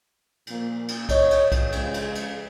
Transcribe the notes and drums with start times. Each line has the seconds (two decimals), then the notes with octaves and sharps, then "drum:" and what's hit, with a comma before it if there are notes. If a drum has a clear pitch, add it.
0.47 A#2 F3 A#3, drum: cymbal
0.88 drum: cymbal
1.09 C#5 D#5, drum: kick B1, cymbal
1.31 drum: cymbal
1.52 drum: kick B1, cymbal
1.72 C#3 F3 G#3, drum: cymbal
1.94 drum: cymbal
2.15 drum: cymbal